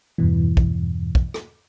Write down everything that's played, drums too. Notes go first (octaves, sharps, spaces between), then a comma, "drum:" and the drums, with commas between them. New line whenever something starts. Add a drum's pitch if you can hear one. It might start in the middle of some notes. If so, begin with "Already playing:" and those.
E2 G2 B2 E3
drum: kick
drum: kick
drum: rim click